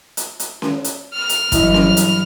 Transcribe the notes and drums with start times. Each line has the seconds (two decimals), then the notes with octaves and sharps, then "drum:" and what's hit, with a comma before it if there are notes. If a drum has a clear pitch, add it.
0.17 drum: hi-hat
0.40 drum: hi-hat
0.62 drum: snare C#4
0.84 drum: hi-hat
1.14 F6
1.29 drum: hi-hat
1.52 G2 E3 F#3 E4 D#5, drum: kick, hi-hat
1.74 drum: snare C#4
1.97 drum: hi-hat